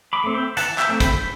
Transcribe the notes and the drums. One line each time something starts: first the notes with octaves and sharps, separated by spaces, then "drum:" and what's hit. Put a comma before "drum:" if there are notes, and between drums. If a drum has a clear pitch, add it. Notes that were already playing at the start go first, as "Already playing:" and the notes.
B5 D6
A3 C4
E5 G5
E3 F#5 A5, drum: hi-hat
E5 G5, drum: clap
A3 C4
G5 B5, drum: kick, hi-hat